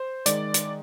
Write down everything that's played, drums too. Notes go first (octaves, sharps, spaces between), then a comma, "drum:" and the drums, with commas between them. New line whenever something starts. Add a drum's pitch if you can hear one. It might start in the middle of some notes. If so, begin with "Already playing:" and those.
Already playing: C5
D#3 G#3 D5, drum: hi-hat
drum: hi-hat